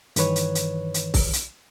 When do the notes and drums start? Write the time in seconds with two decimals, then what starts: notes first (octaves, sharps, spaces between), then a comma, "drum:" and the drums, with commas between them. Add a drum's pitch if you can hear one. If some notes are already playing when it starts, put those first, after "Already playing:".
0.16 G2 D#3 E3 B4 C#5, drum: hi-hat
0.36 drum: hi-hat
0.55 drum: hi-hat
0.94 drum: hi-hat
1.14 drum: kick, open hi-hat
1.33 drum: hi-hat